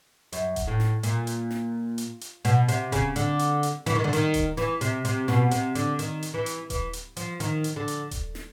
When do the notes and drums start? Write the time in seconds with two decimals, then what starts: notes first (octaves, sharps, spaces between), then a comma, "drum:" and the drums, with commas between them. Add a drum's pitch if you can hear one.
0.32 F#2, drum: hi-hat
0.56 drum: kick D#1, hi-hat
0.67 A2
0.80 drum: snare
1.03 A#2, drum: hi-hat
1.27 drum: hi-hat
1.51 drum: snare
1.98 drum: hi-hat
2.21 drum: hi-hat
2.45 B2, drum: hi-hat
2.68 C3, drum: hi-hat
2.92 C#3, drum: kick D#1, hi-hat
3.16 D3, drum: hi-hat
3.39 drum: hi-hat
3.63 drum: hi-hat
3.86 E3, drum: hi-hat
3.95 D#3
4.04 D3
4.13 D#3, drum: hi-hat
4.34 drum: kick D#1, hi-hat
4.57 E3, drum: snare
4.81 C3, drum: hi-hat
5.05 C3, drum: hi-hat
5.28 B2, drum: snare
5.51 C3, drum: hi-hat
5.75 D3, drum: hi-hat
5.99 D#3, drum: hi-hat
6.23 drum: hi-hat
6.34 E3
6.46 drum: hi-hat
6.70 E3, drum: kick D#1, hi-hat
6.93 drum: hi-hat
7.17 F3, drum: hi-hat
7.40 D#3, drum: hi-hat
7.64 drum: hi-hat
7.76 D3
7.88 drum: hi-hat
8.11 drum: kick D#1, hi-hat
8.35 drum: snare